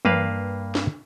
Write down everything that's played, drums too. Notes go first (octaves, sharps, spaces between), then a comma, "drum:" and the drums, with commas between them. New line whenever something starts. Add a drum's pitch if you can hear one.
G2 A#3 B4 F5, drum: tom E3
drum: snare D4